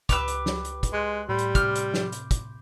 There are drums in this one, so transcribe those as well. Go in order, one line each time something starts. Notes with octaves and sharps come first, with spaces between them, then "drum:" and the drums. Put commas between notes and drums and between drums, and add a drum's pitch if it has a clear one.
C#2 G4 B4 E6, drum: kick, hi-hat
drum: hi-hat
drum: snare
drum: hi-hat
drum: kick, hi-hat
G#3 C6 F#6
A2 G3 B5 C6
drum: hi-hat
C3 D6 F6 G6, drum: kick, hi-hat
drum: hi-hat
drum: snare
drum: hi-hat
drum: kick, hi-hat